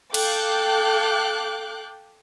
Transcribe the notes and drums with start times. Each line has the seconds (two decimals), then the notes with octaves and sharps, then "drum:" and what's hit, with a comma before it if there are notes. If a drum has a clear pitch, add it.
0.14 A4 F5 G5 D6 F#6 G6, drum: cymbal